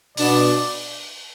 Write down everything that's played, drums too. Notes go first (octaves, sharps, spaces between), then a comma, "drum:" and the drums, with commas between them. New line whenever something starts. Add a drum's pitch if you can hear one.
B2 B3 D4 D5, drum: open hi-hat